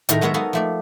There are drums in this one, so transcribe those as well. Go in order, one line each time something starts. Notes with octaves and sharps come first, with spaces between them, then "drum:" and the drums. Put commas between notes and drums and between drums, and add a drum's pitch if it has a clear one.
A2 D#3 A3 G#4 A#4 A#5, drum: hi-hat
F#3 G#3 B3 A#4 C#5 E5
B3 D#4 F#4 A4 A#4 F5
F3 A3 D5